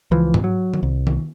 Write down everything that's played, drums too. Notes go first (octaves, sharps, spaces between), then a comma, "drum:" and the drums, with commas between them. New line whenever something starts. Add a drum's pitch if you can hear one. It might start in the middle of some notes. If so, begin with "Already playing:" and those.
C#2 E3 F3
drum: tom G#2
F#3
drum: tom D#3
C2
drum: tom D#3